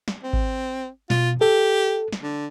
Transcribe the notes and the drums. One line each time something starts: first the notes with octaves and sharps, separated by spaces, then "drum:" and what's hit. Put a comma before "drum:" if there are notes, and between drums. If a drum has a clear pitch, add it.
drum: snare
C4
drum: kick G#1
B2 F4, drum: snare
G4 A4
drum: snare
D3